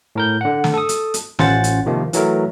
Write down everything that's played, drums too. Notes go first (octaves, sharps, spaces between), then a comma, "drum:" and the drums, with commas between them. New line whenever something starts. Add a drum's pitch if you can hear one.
A2 A#4 G6
D3 F#5
drum: snare
A4 D#6
drum: hi-hat
drum: hi-hat
A1 C#4 F4 C5 F#5 A6, drum: snare
drum: hi-hat
C3 D#3 F3 A#3
E3 F#3 A3 A#4, drum: hi-hat